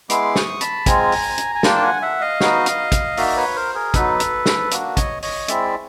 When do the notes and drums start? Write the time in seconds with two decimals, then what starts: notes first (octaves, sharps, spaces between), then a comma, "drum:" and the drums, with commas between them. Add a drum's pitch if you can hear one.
0.10 G#3 B3 E4 C6 D6, drum: hi-hat
0.35 C#6 D#6, drum: snare
0.61 A5 B5, drum: hi-hat
0.86 G#3 C4 F4 G#5 A#5, drum: kick, hi-hat
1.12 drum: open hi-hat
1.38 drum: hi-hat
1.55 G#5
1.63 A#3 D4 F4 G5 A5, drum: snare
1.75 A5
1.83 F#5 G#5
2.02 E5 F#5
2.21 D#5 F5
2.40 B3 D#4 F#4, drum: snare
2.66 drum: hi-hat
2.92 drum: kick, hi-hat
3.17 A#3 D#4 F#4 D5 E5, drum: open hi-hat
3.36 B4 C#5
3.56 A#4 C5
3.75 G#4 A#4
3.94 F#3 B3 D#4 A4 B4, drum: kick, hi-hat
4.20 drum: hi-hat
4.46 drum: snare
4.71 A#3 D4 F#4, drum: hi-hat
4.97 C#5 D#5, drum: kick, hi-hat
5.22 C#5 D#5, drum: open hi-hat
5.48 G#3 C4 E4 D5 E5, drum: hi-hat